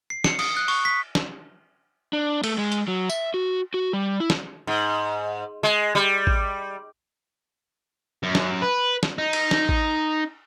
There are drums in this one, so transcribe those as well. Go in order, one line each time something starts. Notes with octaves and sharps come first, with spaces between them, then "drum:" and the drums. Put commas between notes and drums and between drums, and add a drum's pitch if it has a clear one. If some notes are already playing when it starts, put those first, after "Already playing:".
C7
C#7, drum: snare
D#6, drum: cymbal
F#6
C#6, drum: open hi-hat
B6
drum: snare
D4
A3, drum: cymbal
G#3
drum: hi-hat
F#3
E5, drum: tambourine
F#4
F#4
G3
E4
drum: snare
G#2
G#3
G3
drum: kick A1
F#2
drum: snare
B4
drum: snare
D#4
drum: cymbal
drum: snare
drum: kick A1